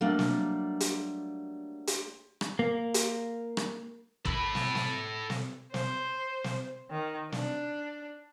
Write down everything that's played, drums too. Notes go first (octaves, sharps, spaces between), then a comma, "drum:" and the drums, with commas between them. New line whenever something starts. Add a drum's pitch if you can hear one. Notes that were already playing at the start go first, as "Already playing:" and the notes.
F#3 G3 A3 A#3 D4
drum: snare
drum: hi-hat
drum: hi-hat
drum: rim click
A#3
drum: hi-hat
drum: rim click
A4 B5, drum: kick
drum: snare
drum: snare
drum: snare
C5, drum: snare
drum: snare
D#3
D4, drum: snare